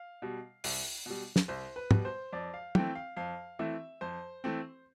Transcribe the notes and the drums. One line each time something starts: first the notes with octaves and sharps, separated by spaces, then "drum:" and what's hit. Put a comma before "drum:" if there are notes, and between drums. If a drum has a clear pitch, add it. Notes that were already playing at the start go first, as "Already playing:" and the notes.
Already playing: F5
B2 G3
C2, drum: open hi-hat
B2 G3
drum: snare
C2 C5
B4
B2 G3, drum: tom
C5
F2 D5
F5
E3 A3 C4 G5, drum: tom
F5
F2 F5
E3 A3 C4 E5
F2 C5
E3 A3 C4